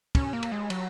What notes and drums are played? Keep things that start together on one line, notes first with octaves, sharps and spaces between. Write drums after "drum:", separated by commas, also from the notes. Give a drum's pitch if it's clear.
C#4, drum: kick, cymbal
A#3
drum: cymbal
G#3
F#3, drum: cymbal